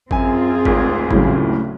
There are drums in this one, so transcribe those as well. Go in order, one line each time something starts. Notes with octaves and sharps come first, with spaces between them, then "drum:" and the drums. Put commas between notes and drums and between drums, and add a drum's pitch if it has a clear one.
F#2 C4 F4 G#4 G#5, drum: kick G#1
D1 G#1, drum: kick G#1
A2 C#3 F#3, drum: kick G#1